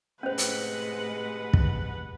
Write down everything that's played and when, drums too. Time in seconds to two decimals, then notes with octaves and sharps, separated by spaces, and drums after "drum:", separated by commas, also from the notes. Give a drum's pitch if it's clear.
0.23 A2 C3 G#3 C#4 B4 C5 F#5
0.38 drum: hi-hat
1.53 drum: kick